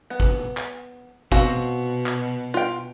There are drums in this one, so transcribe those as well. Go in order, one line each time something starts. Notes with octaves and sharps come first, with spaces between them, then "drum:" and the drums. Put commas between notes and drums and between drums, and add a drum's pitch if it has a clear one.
B3
drum: kick
drum: clap
B2 C4 F#4 F5, drum: kick
drum: clap
F4 G5